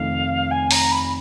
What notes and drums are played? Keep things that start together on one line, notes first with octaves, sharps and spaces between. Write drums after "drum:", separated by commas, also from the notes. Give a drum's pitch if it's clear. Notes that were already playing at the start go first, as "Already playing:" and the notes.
Already playing: F1 F2 D#3 F5
G#5
A#5, drum: open hi-hat
B5